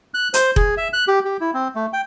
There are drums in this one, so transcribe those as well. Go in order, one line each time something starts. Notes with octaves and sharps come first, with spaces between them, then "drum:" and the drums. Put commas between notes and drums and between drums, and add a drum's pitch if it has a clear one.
F#6
C5, drum: hi-hat
G#4, drum: kick F1
E5
F#6
G4
G4
E4
C4
A3
G5